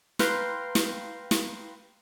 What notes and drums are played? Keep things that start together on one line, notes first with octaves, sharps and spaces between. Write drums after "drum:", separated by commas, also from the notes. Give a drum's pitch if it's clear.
B4 F5 G5 A#5 C6, drum: snare
drum: snare
drum: snare